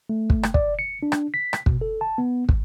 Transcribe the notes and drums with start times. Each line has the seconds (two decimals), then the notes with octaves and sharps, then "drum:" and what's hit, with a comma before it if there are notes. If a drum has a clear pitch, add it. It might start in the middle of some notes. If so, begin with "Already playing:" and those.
0.10 A3
0.30 drum: kick
0.43 drum: rim click
0.54 D5, drum: kick
0.79 C#7
1.03 D4
1.12 drum: rim click
1.34 B6
1.53 drum: rim click
1.66 B2, drum: kick
1.81 A4
2.01 A5
2.18 B3
2.49 G#1, drum: kick